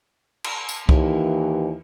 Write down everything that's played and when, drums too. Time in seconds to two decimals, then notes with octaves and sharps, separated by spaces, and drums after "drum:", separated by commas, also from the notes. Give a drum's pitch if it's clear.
0.44 drum: cymbal
0.69 drum: tambourine
0.89 D#2 E3, drum: kick C2